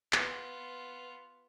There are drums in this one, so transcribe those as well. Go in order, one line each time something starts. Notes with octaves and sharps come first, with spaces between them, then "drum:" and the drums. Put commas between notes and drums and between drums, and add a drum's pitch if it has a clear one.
B3 F4, drum: clap